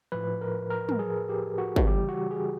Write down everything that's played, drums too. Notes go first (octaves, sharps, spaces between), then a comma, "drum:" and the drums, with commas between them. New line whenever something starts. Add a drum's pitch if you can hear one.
A2 F3 B4
A#4
A#4
drum: tom
G#4
G4
F#4
drum: kick
C#3 E3 G3 G4
F#4
G#4